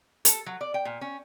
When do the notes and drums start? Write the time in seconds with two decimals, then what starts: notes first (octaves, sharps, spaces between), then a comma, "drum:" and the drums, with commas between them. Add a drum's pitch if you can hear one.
0.25 A4, drum: hi-hat
0.46 F#3
0.61 D5
0.74 G5
0.85 A#2
1.01 C#4